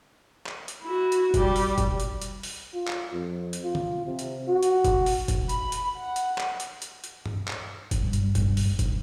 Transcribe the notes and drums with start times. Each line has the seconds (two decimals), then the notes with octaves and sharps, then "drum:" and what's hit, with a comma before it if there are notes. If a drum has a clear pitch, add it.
0.46 drum: clap
0.68 drum: hi-hat
0.83 E4 F#4
1.12 drum: hi-hat
1.34 G3 G4, drum: kick F#1, hi-hat
1.56 drum: open hi-hat
1.78 drum: kick F#1, hi-hat
2.00 drum: hi-hat
2.22 drum: hi-hat
2.43 drum: open hi-hat
2.73 F4
2.87 drum: clap
3.13 F2
3.53 drum: hi-hat
3.63 F4
3.75 drum: tom D3
4.06 C3
4.19 drum: hi-hat
4.48 F#4
4.63 drum: hi-hat
4.84 drum: kick F#1, hi-hat
5.06 drum: open hi-hat
5.28 drum: kick F#1, hi-hat
5.49 B5, drum: hi-hat
5.72 drum: hi-hat
5.98 F#5
6.16 drum: hi-hat
6.38 drum: clap
6.60 drum: hi-hat
6.82 drum: hi-hat
7.04 drum: hi-hat
7.26 drum: tom G2
7.47 drum: clap
7.91 drum: kick F#1, hi-hat
8.03 G2
8.13 drum: hi-hat
8.35 drum: kick F#1, hi-hat
8.57 drum: open hi-hat
8.79 drum: kick F#1, hi-hat